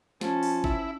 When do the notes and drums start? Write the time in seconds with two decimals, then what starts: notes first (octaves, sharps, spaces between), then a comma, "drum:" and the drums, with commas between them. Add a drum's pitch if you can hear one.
0.21 F3 C#4 A5, drum: snare
0.43 drum: open hi-hat
0.64 E4, drum: kick